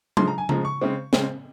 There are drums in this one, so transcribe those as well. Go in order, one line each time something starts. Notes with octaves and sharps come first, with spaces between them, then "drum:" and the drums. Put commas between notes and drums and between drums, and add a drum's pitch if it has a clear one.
C#3 F3 G#3 C6, drum: tom F#3
A#5
G#5
C#3 F3 G#3 A#5, drum: tom C#3
C#6
C#3 G#3 C4
C#3 G#3 C4, drum: snare